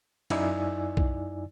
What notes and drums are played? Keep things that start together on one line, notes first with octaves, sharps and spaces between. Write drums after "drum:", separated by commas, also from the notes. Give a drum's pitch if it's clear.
F#2 D#4 E4 D5 G#5 E6, drum: cymbal
drum: kick B1